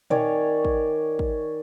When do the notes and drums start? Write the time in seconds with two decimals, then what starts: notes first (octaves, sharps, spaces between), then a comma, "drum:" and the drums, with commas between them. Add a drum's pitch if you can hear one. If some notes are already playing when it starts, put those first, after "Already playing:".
0.10 D#3 C#5 D5 G#5, drum: tom A#2
0.65 drum: kick
1.19 drum: kick